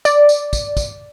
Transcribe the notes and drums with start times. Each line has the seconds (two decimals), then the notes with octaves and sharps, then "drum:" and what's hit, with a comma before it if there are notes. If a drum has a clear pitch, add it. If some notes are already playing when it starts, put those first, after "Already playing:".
0.05 D5, drum: tambourine
0.29 drum: tambourine
0.53 drum: kick, tambourine
0.77 drum: kick, tambourine